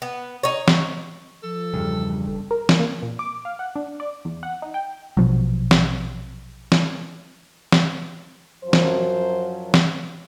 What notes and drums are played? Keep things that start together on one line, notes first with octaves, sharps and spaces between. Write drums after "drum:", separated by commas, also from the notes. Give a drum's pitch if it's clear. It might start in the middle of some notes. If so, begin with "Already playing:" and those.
B3
D#4 C#5
drum: snare
F3 A4
E2 G2 C#3 F3
G1 A4
A#4
drum: snare
A#3
A#2
D6
F5
F#5
D4
D5
E2
F#5
D#4
G5
A#1 B2 F3 F#3
drum: snare
drum: snare
drum: snare
F#2 F3 F#3 C5
drum: snare
drum: snare